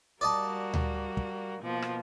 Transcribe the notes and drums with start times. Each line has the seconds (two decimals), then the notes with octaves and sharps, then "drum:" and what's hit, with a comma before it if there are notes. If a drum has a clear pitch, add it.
0.21 G3 A#3 F#4 D5 D#5 A5
0.74 drum: tom D2
1.17 drum: kick
1.61 B2 F3 A#3
1.82 drum: rim click